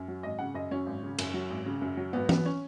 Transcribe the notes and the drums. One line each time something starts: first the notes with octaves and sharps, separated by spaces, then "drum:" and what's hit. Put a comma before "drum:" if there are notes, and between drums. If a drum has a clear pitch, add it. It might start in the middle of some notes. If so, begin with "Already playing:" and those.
Already playing: F#2
F#3
G#1 D#5
C#3 F#5
F#2 D#5
F#3 C#4
G#1
C#3
F#2, drum: cymbal
F#3
G#1
C#3
F#2
F#3
G#1 B3
F#3 B3, drum: tom E3
C#4